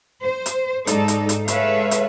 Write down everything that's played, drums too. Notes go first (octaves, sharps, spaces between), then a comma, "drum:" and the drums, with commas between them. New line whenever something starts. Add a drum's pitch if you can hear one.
C5
drum: hi-hat
G#2 G#3 D#4 A4 D5, drum: hi-hat
drum: hi-hat
drum: hi-hat
G#3 A4 B4 C#5 E5 F5, drum: hi-hat
drum: hi-hat